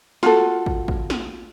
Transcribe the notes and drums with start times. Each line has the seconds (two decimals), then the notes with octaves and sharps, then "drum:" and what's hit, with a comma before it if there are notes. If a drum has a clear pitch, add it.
0.23 F4 F#4 A4, drum: snare
0.66 drum: kick
0.88 drum: kick
1.10 drum: snare